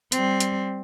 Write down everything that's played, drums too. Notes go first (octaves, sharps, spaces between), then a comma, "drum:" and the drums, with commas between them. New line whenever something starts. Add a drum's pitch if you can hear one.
G3 C4, drum: hi-hat
drum: hi-hat